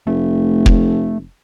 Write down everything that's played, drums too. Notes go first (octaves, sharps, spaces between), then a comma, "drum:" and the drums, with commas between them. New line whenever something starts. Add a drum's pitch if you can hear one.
F1 A3
drum: kick